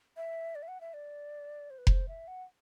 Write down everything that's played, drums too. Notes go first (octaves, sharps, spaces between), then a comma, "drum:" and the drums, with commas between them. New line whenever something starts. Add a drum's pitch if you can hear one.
E5
D5
E5
F#5
E5
D5
C5
B4
C5, drum: kick F1
E5
F#5